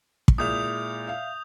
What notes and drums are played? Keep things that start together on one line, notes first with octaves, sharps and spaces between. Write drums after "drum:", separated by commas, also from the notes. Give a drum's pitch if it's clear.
drum: kick
A#2 G#3 E4 D#6 G6 F7
E5 F5